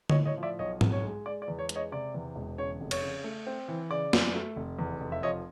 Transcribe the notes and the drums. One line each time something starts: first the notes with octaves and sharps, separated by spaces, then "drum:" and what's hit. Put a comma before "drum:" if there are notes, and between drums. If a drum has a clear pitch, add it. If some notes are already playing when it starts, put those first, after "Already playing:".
C#5 D#5, drum: tom D3
A2
C#5 D#5
F3
D5 E5
B1 C#5 D#5
B1, drum: tom G#2
C#5
G#3
G#3 D5
D5
E2
C#5
G#3, drum: hi-hat
C#5 D#5
C3 D5
E2
E1
C#3 C#5
F1
C#5, drum: cymbal
C#3
A3
C4
E3
C#3 D5
F#2, drum: snare
A3
F1
E2
F1
E5
F3 C#5 D#5